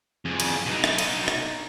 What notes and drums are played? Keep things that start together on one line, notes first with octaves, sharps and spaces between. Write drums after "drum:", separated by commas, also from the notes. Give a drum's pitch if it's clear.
F2 G#4
drum: cymbal
B2 D#4
drum: rim click
drum: cymbal
drum: rim click